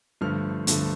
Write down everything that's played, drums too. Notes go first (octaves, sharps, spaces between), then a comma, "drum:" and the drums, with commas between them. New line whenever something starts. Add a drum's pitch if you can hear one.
G2 D3 F3 A3 F6
G2 D3 F3 A3, drum: hi-hat